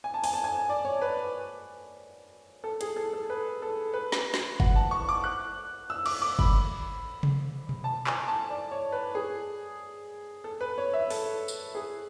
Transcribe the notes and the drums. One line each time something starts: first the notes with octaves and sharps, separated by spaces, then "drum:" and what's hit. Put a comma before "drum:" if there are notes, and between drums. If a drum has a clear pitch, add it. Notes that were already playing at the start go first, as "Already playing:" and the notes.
G#5
A5
G#5, drum: open hi-hat
A5
G#5
D5
C#5
B4
A4
G#4, drum: hi-hat
A4
A4
B4
A4
B4
drum: snare
drum: snare
F#5, drum: kick G1
A5
C#6
D6
F#6
E6
D6, drum: cymbal
D6
B5, drum: kick G1
drum: tom C3
drum: tom B2
A5
G#5, drum: clap
A5
D5
C#5
B4
G#4
A4
B4
C#5
E5
A4, drum: open hi-hat
drum: tambourine
G#4